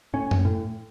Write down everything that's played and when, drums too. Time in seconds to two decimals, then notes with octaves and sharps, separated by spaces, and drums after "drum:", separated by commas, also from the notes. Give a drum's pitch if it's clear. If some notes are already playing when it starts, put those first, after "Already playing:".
0.13 A2 C#4
0.31 drum: tom F#2
0.45 A2